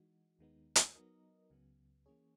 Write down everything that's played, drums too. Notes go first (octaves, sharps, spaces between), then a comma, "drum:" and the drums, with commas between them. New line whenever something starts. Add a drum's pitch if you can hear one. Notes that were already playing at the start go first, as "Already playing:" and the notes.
Already playing: E3 G#3 D#4 F#4
D#2 D#3 G#3 B3 D#4
drum: hi-hat
F#3 B3 D#4 A#4 D#5
C#2 C#3 F#3 B3
E3 A#3 C#4 G#4 C#5